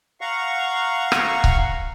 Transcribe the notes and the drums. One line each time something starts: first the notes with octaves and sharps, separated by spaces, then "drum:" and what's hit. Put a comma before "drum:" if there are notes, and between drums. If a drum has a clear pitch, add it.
F5 F#5 A#5 C#6
drum: rim click
drum: kick C#1